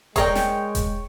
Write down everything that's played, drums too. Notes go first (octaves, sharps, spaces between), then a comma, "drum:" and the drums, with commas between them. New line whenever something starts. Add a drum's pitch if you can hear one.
G#3 G#4 A#4 C#5 D5 G5, drum: kick E1, hi-hat
drum: snare
drum: kick E1, hi-hat